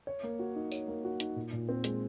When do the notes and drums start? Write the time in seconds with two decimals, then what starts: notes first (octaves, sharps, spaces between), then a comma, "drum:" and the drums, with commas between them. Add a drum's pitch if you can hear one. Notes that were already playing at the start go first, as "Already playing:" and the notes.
0.07 C#5
0.23 A#3
0.39 F#4
0.56 D#4
0.72 C#5, drum: tambourine
0.88 A#3
1.04 F#4
1.20 D#4, drum: hi-hat
1.36 A#2
1.53 A#2
1.69 C4
1.84 G#3, drum: hi-hat